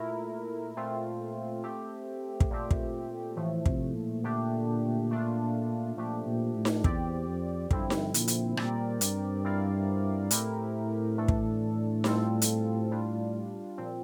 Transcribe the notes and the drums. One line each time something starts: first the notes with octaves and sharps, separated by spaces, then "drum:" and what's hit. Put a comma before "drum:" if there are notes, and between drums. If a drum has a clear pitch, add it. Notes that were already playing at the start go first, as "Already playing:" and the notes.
Already playing: A#2 A3 E4 A#4
A#2 A3 C4 F4
A3 C4 G4
drum: kick
A#2 A3 C4 G4
drum: kick
A2 E3 F3 A3
C3, drum: kick
A#2
D3 A3 D4 G4
A3 D4 F4
A#2 F3 A3 D4 G4
A#2
A2
drum: snare D#4
E2 C4 G4 D5, drum: kick
F2
G2 D3 F3 C4 E4, drum: kick
drum: snare D#4
A#2, drum: hi-hat
drum: hi-hat
A#2 G3 C4 G4 A#4 D5, drum: rim click
G2, drum: hi-hat
C4 E4 A#4 D5 F5
A2 A3 C4 E4 G4 A#4, drum: hi-hat
E3 A3 D4 A4
drum: kick
G3 C4 F4 A4, drum: snare D#4
drum: hi-hat
G3 D4 F4
A#2 F3 C4